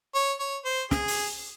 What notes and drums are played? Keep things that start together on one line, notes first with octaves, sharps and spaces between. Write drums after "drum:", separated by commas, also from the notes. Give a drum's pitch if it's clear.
C#5
C#5
C5
G#4, drum: snare
drum: open hi-hat